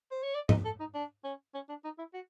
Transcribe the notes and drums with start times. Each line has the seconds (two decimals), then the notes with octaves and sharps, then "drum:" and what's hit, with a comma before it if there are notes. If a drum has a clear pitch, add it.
0.11 C5
0.23 C#5
0.35 D5
0.49 D#5, drum: tom G#2
0.65 A4
0.80 D#4
0.95 D4
1.24 C#4
1.55 C#4
1.69 D4
1.85 D#4
1.99 E4
2.14 F#4